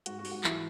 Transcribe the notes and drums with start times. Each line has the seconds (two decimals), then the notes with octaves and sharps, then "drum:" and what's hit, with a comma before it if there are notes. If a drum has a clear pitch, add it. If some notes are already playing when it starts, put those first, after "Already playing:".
0.06 G#2 F#4, drum: hi-hat
0.19 F#4
0.25 G#2, drum: open hi-hat
0.31 F#4
0.44 E3 E4, drum: clap